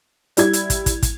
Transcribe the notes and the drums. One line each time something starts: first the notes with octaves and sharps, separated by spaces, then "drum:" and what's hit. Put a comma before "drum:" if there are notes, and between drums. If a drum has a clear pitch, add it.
G3 E4 G#6, drum: hi-hat
drum: hi-hat
drum: kick, hi-hat
drum: kick, hi-hat
drum: kick, hi-hat